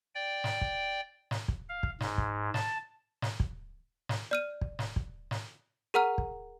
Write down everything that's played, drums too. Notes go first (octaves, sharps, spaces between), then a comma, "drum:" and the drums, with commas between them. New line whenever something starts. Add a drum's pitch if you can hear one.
D5 G5
drum: snare
drum: kick
drum: snare
drum: kick
F5
drum: kick
G#2, drum: snare
drum: kick
A5, drum: snare
drum: snare
drum: kick
drum: snare
D5 F6 D#7
drum: kick
drum: snare
drum: kick
drum: snare
G#4 A#4 F#5 A#5 F6
drum: kick